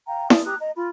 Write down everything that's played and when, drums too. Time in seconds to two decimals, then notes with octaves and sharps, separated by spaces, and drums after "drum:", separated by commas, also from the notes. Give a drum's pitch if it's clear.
0.07 F5 G5 A#5
0.30 D5 D#6, drum: snare E4
0.46 G4 A#5 D#6 F#6
0.60 D#5 A#5
0.76 F4 B5